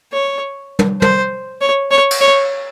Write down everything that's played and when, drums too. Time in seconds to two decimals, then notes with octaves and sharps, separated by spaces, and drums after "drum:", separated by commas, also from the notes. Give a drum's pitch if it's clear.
0.13 C#5
0.79 drum: tom
1.02 C5, drum: tom
1.62 C#5
1.91 C#5
2.11 drum: cymbal
2.21 C#5